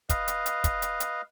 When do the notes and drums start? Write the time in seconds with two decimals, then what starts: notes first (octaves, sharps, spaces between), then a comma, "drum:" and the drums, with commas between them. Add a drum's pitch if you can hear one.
0.09 B4 D#5 F5, drum: kick, hi-hat
0.28 drum: hi-hat
0.46 drum: hi-hat
0.64 drum: kick, hi-hat
0.82 drum: hi-hat
1.00 drum: hi-hat